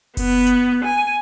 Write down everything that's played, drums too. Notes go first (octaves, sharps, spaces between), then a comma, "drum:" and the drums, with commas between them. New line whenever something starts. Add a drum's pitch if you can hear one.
B3, drum: kick F#1, open hi-hat
drum: hi-hat
G#5